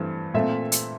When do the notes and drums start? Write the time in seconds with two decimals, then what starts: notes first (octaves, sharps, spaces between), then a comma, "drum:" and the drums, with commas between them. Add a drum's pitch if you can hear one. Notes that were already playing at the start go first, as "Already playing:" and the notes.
Already playing: G2 E3 A3 C4
0.34 A#2 A3 C4 E5
0.72 drum: hi-hat